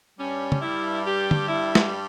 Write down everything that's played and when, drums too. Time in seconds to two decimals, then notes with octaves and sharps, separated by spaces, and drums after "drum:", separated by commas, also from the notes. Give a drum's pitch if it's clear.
0.18 G2 G3 C#4
0.52 drum: tom
0.61 E4
1.05 G4
1.31 drum: tom
1.48 E4
1.75 drum: snare